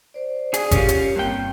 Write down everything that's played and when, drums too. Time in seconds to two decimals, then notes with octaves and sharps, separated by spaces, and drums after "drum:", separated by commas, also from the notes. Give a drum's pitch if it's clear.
0.14 C5 D5
0.54 G#4 D5 D#6, drum: hi-hat
0.71 C#4 F4 G4 A#4, drum: kick G1, hi-hat
0.88 drum: hi-hat
1.16 G2 A#3 C4 G5